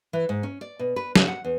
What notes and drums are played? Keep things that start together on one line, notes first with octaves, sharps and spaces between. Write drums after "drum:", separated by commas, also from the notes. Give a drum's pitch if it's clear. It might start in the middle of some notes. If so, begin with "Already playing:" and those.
E3
G#2
C#4
D5
B2
B4
C#3, drum: snare
F#5
E2